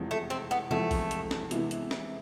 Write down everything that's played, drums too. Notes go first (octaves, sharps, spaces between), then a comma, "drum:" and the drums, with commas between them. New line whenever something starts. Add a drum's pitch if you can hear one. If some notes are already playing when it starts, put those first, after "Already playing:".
Already playing: F1 E2 C3 F3 G#3
A3
C4
B3
F1 E2 C3 F3 G#3 A3, drum: tom C3
drum: kick, open hi-hat
drum: hi-hat
drum: snare
C3 E3 G#3 B3 E4, drum: hi-hat
drum: hi-hat
drum: snare